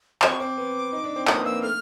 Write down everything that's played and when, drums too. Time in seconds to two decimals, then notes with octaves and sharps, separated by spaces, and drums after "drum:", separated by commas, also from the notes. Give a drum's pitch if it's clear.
0.22 C4 C#6, drum: clap
0.40 C4 D6
0.57 B3
0.93 D#4
1.04 D4
1.16 C4
1.27 A#3 D#6, drum: clap
1.35 B3
1.45 A#3 E6
1.62 A3 F6